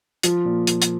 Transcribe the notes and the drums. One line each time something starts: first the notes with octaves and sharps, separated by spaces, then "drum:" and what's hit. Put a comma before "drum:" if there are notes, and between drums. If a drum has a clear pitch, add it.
F3 F4, drum: hi-hat
A#2
F3, drum: hi-hat
drum: hi-hat